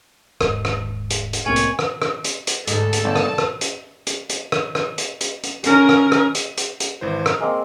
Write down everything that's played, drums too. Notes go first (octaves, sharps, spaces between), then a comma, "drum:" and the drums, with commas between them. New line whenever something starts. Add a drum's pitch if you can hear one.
D#1 G#2, drum: rim click
drum: rim click
drum: hi-hat
drum: hi-hat
C2 A2 A#3 C4 C#5 G#5 F#7
drum: hi-hat
drum: rim click
drum: rim click
drum: hi-hat
drum: hi-hat
D2 G#2 A4, drum: hi-hat
drum: hi-hat
G1 D5 A5
drum: rim click
drum: rim click
drum: hi-hat
drum: hi-hat
drum: hi-hat
drum: rim click
drum: rim click
drum: hi-hat
drum: hi-hat
drum: hi-hat
C#4 A#4, drum: hi-hat
drum: rim click
drum: rim click
drum: hi-hat
drum: hi-hat
drum: hi-hat
G#1 E3 C5
A#5 D#6 F6, drum: rim click
G#3 A#3 C4